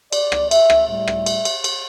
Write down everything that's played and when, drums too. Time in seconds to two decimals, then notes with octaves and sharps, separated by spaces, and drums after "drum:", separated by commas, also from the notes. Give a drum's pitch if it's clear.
0.13 D5, drum: cymbal
0.32 drum: rim click
0.51 E5, drum: cymbal
0.70 drum: rim click
0.89 A2 G3 E5
1.07 drum: rim click
1.26 drum: cymbal
1.45 drum: cymbal
1.64 drum: cymbal